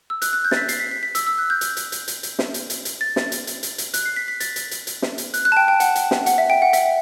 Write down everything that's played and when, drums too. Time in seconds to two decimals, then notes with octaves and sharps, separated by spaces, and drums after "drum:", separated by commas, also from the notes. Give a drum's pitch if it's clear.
0.10 E6
0.22 F#6, drum: hi-hat
0.33 F#6
0.45 G6
0.51 A6, drum: snare
0.57 B6
0.69 C7, drum: hi-hat
0.80 B6
0.91 B6
1.03 B6
1.15 E6, drum: hi-hat
1.26 E6
1.38 F#6
1.50 G6
1.61 drum: hi-hat
1.77 drum: hi-hat
1.92 drum: hi-hat
2.08 drum: hi-hat
2.23 drum: hi-hat
2.39 drum: snare
2.54 drum: hi-hat
2.70 drum: hi-hat
2.85 drum: hi-hat
3.01 A6
3.16 drum: snare
3.32 drum: hi-hat
3.47 drum: hi-hat
3.63 drum: hi-hat
3.78 drum: hi-hat
3.94 F#6, drum: hi-hat
4.05 C7
4.16 B6
4.28 B6
4.40 A6, drum: hi-hat
4.56 drum: hi-hat
4.71 drum: hi-hat
4.87 drum: hi-hat
5.02 drum: snare
5.18 drum: hi-hat
5.34 F#6, drum: hi-hat
5.45 F#6
5.52 A5
5.57 G5
5.68 G5
5.80 F#5, drum: hi-hat
5.95 drum: hi-hat
6.11 drum: snare
6.26 F#5, drum: hi-hat
6.38 E5
6.50 G5
6.62 F#5
6.73 E5, drum: hi-hat